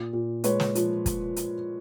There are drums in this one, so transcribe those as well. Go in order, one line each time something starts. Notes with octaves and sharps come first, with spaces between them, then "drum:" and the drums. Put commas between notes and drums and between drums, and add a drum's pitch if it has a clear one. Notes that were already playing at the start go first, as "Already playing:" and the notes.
Already playing: A#2
A#2
G#3 B4 C#5, drum: hi-hat
drum: snare
F3, drum: hi-hat
drum: kick, hi-hat
drum: hi-hat